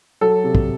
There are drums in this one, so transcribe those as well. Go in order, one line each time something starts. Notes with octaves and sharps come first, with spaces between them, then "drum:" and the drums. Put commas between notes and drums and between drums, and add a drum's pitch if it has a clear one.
F#3 A4
C3
drum: kick